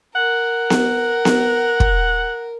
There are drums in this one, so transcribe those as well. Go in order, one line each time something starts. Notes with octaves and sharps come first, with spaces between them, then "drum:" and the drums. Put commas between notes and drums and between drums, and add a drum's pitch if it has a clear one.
A#4 F#5
drum: snare B3
drum: snare B3
drum: kick